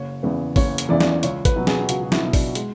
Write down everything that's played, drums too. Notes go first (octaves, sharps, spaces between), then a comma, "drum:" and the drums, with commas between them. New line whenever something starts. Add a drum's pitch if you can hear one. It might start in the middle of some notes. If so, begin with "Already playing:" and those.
Already playing: F#1 C#5
E2 C#3 E3 B4
F#1 C#5, drum: kick G#1, open hi-hat
drum: hi-hat
E2 C#3 E3 D5
drum: snare
C#2 C#5, drum: hi-hat
B4, drum: kick G#1, hi-hat
B2 F#3
G#4, drum: snare
C#2 F#4, drum: hi-hat
F#4
E4, drum: snare
B2 F#3
D4, drum: kick G#1, open hi-hat
G#3, drum: hi-hat